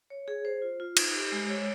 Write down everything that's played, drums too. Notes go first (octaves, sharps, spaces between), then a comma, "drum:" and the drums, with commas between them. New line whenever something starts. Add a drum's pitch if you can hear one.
C#5
G#4
C5
F4
F4
D#4, drum: cymbal
G4
G#3
C#5